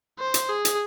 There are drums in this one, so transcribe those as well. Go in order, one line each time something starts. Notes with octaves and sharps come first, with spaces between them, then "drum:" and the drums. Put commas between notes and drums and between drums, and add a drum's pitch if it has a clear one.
C5
drum: hi-hat
G#4
drum: hi-hat